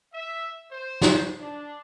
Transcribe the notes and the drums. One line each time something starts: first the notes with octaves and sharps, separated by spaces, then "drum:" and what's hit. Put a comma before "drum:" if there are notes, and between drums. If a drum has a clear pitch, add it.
E5
C5
drum: snare
D4